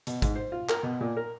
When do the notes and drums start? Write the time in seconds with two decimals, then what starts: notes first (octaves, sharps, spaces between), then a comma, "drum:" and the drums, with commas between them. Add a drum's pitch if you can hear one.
0.07 B2, drum: hi-hat
0.22 G#2, drum: kick, hi-hat
0.36 C5
0.52 F4
0.69 A#4, drum: clap
0.83 B2
1.01 A#2
1.17 A#4